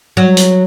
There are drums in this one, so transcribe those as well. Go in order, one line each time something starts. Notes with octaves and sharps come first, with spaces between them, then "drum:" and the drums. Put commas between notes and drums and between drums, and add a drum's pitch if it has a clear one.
F#3
drum: hi-hat